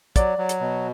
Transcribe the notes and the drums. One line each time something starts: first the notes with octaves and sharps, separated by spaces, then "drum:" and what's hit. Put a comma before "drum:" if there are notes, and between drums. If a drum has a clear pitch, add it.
F#3 D5, drum: kick, hi-hat
F#3
drum: hi-hat
B2